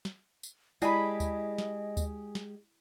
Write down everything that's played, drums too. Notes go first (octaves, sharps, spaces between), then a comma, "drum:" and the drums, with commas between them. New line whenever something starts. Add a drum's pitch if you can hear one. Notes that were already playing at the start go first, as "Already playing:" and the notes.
drum: snare
drum: tambourine
G#3 E4 G4 G#4 D5 D#5 A5 B5, drum: tambourine
drum: kick D2, tambourine
drum: snare
drum: kick D2, tambourine
drum: snare